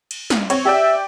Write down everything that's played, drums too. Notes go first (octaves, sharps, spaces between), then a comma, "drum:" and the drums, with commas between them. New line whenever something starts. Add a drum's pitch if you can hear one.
drum: cymbal
drum: snare
C4 C#5, drum: cymbal
G4 D5 E5 G5